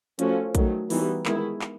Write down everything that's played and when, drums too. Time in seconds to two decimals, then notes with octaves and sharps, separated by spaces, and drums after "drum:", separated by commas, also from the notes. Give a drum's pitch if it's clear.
0.19 F3 A3 C#4 F#4 A4, drum: hi-hat
0.55 D#3 F#3 A3, drum: kick, hi-hat
0.90 E3 G3 B3 D#4 F#4, drum: open hi-hat
1.26 D#3 G#3 B3 E4 G#4, drum: clap
1.61 drum: clap